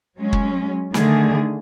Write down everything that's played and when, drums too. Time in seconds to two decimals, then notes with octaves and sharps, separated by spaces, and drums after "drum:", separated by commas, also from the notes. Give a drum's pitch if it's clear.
0.18 F#3 G#3 C#4
0.33 drum: kick
0.94 D3 D#3 A3 G#4, drum: snare